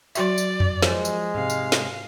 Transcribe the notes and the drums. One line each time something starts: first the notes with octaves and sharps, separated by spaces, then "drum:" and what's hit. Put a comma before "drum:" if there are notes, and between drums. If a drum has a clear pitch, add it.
F#3 F#4 D5 E5, drum: tambourine
drum: tambourine
drum: tom F2
F3 G#3 C5, drum: snare
drum: tambourine
G#2 C3 F5
drum: tambourine
drum: snare